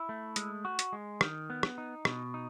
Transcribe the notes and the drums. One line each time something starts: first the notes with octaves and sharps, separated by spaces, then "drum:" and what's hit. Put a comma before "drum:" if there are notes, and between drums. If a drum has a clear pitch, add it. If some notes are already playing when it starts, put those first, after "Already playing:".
Already playing: E4
A3
G#3, drum: hi-hat
F#4
drum: hi-hat
G#3
D#3, drum: rim click
B3
drum: rim click
D#4
B2, drum: rim click
D#4